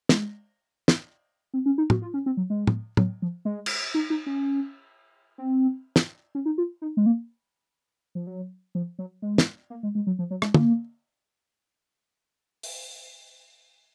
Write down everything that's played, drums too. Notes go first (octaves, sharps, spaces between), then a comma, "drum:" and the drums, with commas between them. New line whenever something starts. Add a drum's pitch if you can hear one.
G#3, drum: snare
drum: snare
C4
C#4
D#4
F#4, drum: tom
F4
C#4
C4
F#3
G#3
drum: tom
F#3, drum: tom
F3
G#3
drum: cymbal
D#4
D#4
C#4
C4
drum: snare
C#4
D#4
F4
D#4
G#3
A#3
F3
F#3
F3
F#3
G#3
drum: snare
A#3
G#3
G#3
F#3
F3
F#3
G#3, drum: rim click
A#3, drum: tom
drum: open hi-hat